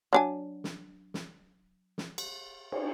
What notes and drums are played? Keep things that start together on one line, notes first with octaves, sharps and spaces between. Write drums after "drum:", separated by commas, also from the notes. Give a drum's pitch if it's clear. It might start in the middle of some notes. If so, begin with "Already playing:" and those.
F#3 D4 G#5
drum: snare
drum: snare
drum: snare
drum: cymbal
drum: cymbal